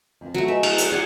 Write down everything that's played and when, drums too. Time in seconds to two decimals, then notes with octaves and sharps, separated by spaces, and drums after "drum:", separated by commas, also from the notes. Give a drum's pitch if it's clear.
0.21 F2 F3
0.34 F#3 A3
0.48 G#4 B4 D#5 E5
0.63 A5, drum: cymbal
0.78 F#5, drum: hi-hat
0.92 G4 G#4 D5 F#5 G#5